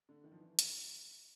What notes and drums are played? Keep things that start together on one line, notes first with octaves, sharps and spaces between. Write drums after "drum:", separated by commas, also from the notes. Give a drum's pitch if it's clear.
D3
D#3
F3
E3
drum: hi-hat